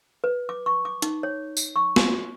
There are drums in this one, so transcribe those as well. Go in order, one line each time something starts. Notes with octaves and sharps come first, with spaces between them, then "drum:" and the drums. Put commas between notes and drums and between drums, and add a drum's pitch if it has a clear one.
B4
D6
C#6
D6
D#4, drum: hi-hat
C#5
drum: tambourine
C#6
drum: snare